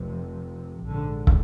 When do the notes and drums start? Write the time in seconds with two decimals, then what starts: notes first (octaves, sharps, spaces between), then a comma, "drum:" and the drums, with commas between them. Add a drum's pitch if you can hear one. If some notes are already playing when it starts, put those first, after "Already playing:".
Already playing: F1 F2 C3
0.85 A#1 G#2 D3
1.27 drum: kick